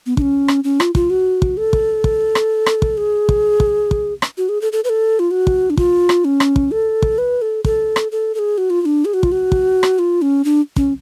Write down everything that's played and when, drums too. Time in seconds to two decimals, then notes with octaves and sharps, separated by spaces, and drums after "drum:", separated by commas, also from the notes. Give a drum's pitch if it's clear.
0.06 B3
0.17 D4, drum: kick
0.22 C#4
0.48 drum: rim click
0.64 C#4
0.80 F4, drum: rim click
0.95 F4, drum: kick
1.10 F#4
1.42 drum: kick
1.57 A4
1.73 drum: kick
2.04 drum: kick
2.35 drum: rim click
2.66 drum: rim click
2.82 drum: kick
2.97 G#4
3.29 drum: kick
3.60 drum: kick
3.91 drum: kick
4.22 drum: rim click
4.38 F#4
4.49 G#4
4.62 A4
4.73 A4
4.84 B4
4.89 A4
5.19 F4
5.31 F#4
5.47 drum: kick
5.70 D4
5.77 F4, drum: kick
6.09 drum: rim click
6.25 C#4
6.40 drum: rim click
6.56 drum: kick
6.71 A4
7.02 drum: kick
7.18 B4
7.42 A4
7.65 A4, drum: kick
7.96 drum: rim click
8.12 A4
8.35 A4
8.39 G#4
8.58 F#4
8.70 F4
8.81 F4
8.85 D4
9.05 G#4
9.14 F#4
9.23 F4, drum: kick
9.32 F#4
9.52 drum: kick
9.83 drum: rim click
9.99 F4
10.22 C#4
10.45 D4
10.76 C#4, drum: kick